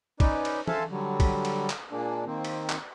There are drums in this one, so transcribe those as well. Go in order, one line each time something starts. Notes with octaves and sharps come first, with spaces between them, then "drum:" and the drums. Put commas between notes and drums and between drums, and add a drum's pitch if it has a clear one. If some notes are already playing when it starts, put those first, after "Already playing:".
C#4 D#4 B4 D5, drum: kick, cymbal
drum: cymbal
A4 C5 E5 F5 G#5 A5, drum: tom E3
D3 F#3 G3
drum: kick, cymbal
drum: cymbal
drum: clap
A#2 G#3 A#3 D4
D#3 A#3 C4
drum: cymbal
drum: clap